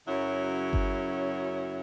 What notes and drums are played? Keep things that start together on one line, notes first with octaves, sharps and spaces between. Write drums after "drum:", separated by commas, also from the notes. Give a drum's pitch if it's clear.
F#2 C#3 F#3 C#4 E4
drum: kick G1